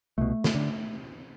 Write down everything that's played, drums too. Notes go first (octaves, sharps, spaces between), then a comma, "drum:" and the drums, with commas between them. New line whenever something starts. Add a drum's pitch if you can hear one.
C2 B2 A3
drum: snare
D3